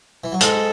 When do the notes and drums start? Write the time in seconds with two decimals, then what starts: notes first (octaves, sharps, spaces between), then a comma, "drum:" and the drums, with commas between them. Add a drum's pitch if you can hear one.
0.24 E3
0.32 F#3
0.41 G#2 G#3 A4, drum: hi-hat